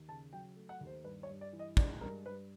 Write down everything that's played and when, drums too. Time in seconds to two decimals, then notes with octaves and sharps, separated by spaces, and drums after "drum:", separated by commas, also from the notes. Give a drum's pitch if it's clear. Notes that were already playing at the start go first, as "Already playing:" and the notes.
Already playing: D#2
0.08 C#3 A5
0.33 F#3 G5
0.56 A3
0.69 F#5
0.81 D#2
0.87 C5
1.04 G2 B4
1.23 C#5
1.29 G2
1.41 D5
1.53 E3
1.59 D#5
1.77 G#3 D5, drum: kick
2.01 G2 A#4
2.26 G2 B4